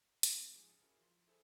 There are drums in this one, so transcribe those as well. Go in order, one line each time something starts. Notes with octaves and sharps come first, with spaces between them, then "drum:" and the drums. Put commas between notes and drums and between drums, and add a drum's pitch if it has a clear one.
G3 G#3 C4 D#4 G#4, drum: hi-hat
G#2 F3 G#4
C#3 A5 A6 C#7
C#4 E4 F#4 G#4 A#4
F3 C6
E4 G#4 A4 C5